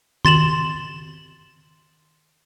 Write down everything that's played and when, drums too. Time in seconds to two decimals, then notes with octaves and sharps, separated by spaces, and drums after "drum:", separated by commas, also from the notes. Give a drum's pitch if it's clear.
0.25 C6 A6 E7 F#7, drum: tom D#3